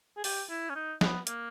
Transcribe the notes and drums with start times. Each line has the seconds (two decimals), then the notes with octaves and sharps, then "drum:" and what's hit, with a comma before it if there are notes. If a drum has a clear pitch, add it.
0.17 G#4
0.24 G4, drum: open hi-hat
0.50 E4
0.69 C#4
0.75 D#4
1.01 B3, drum: snare
1.27 A#3, drum: hi-hat